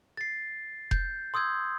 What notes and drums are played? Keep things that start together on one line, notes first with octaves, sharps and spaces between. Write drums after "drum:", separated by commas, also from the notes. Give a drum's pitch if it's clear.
A6 C7
G6, drum: kick F1
C6 D#6 E6 G6 G#6